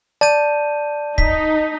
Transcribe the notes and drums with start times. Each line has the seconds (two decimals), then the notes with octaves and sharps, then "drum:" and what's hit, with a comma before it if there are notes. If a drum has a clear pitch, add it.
0.21 D5 A5 G6 D#7
1.18 D#4 B6, drum: kick